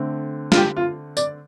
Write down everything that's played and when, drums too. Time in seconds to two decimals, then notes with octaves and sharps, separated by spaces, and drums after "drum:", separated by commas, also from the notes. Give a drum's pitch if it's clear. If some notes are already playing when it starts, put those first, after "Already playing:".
Already playing: D3 A3 C4
0.52 F4, drum: snare
0.57 G4
0.77 F4
1.17 D5, drum: tambourine